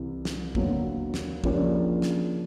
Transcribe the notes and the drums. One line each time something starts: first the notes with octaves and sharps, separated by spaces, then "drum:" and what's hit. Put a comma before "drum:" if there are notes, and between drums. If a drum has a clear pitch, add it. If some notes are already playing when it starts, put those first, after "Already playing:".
Already playing: C2 C3 E3
drum: snare
D#2 D3 F#3 B3, drum: kick
drum: snare
C#3 F3 A#3 D4 G4, drum: kick
drum: snare